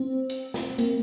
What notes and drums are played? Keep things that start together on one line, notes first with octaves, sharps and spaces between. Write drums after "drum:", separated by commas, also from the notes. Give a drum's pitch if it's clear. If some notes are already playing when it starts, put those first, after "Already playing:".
Already playing: C4
drum: hi-hat
drum: snare
A#3, drum: hi-hat